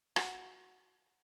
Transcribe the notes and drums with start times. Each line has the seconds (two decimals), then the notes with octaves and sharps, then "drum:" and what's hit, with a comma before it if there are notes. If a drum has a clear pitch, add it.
0.16 F#4, drum: rim click